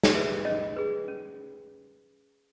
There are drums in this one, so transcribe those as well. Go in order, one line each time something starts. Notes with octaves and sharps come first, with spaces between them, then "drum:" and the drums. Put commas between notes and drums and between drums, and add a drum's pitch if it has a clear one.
drum: snare
G#4 B4 E5
C#4 D#5
G#4 B4
C#4